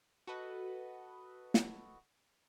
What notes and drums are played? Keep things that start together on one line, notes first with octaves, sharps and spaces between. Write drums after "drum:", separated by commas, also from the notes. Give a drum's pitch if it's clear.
F#4 A4 B4 D#5 F#5
drum: snare